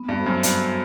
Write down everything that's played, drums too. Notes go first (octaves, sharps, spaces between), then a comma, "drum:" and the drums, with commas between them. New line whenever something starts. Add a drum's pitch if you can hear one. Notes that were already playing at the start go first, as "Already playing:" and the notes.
Already playing: B3
G2
F#4 A4 C5 E5
F#2
G2 B3, drum: hi-hat
F#4